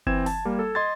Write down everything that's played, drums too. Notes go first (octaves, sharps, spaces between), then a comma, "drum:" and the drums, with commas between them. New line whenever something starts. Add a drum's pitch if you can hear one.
E3 C4 G#6 E7, drum: kick F#1
A5, drum: open hi-hat
G3 A#3
A4
D#5 C6 G#6 A6